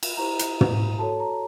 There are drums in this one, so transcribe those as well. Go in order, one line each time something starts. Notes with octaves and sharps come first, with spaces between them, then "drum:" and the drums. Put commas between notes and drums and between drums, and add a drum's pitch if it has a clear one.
drum: cymbal
E4 G4 C5 A#5
drum: hi-hat
drum: tom
F#4 A4 C#5 A5
A#5